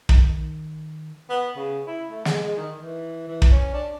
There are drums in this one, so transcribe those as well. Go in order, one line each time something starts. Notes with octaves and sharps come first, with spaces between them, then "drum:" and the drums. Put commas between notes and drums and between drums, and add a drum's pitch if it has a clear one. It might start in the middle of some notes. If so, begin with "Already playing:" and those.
D#3, drum: kick
B3
C#3
E4
A3
G#3, drum: snare
G#3
D#3
E3
E3
drum: kick
C#4
D4